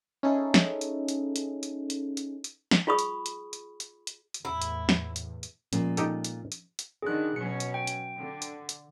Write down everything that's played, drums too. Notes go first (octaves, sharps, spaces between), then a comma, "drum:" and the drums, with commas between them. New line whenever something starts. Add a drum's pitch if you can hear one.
C#4 D#4 E4 G#4 A4
drum: snare
drum: hi-hat
drum: hi-hat
drum: hi-hat
drum: hi-hat
drum: hi-hat
drum: hi-hat
drum: hi-hat
drum: snare
F4 G#4 B5 C#6 D#6
drum: hi-hat
drum: hi-hat
drum: hi-hat
drum: hi-hat
drum: hi-hat
drum: hi-hat
E2 A2 E4
drum: hi-hat
drum: snare
drum: hi-hat
drum: hi-hat
A#2 F3 G#3 B3 C#4, drum: hi-hat
D#4 G4 A4, drum: hi-hat
drum: hi-hat
drum: hi-hat
drum: hi-hat
D3 D#3 G#4 F#6
B2 F#3 C#4 C#7
drum: hi-hat
G5
drum: hi-hat
D3
drum: hi-hat
drum: hi-hat